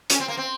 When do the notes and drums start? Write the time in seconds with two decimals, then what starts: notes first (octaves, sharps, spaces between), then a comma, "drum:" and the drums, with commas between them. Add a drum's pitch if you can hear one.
0.10 C#4, drum: hi-hat
0.20 C4
0.28 A#3
0.37 C4